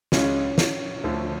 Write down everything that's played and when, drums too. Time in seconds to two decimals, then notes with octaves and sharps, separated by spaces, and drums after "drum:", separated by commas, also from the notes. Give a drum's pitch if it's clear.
0.12 C#2 C#3 G#3 C#4, drum: snare
0.58 drum: snare
1.04 D2 D3 F3 A3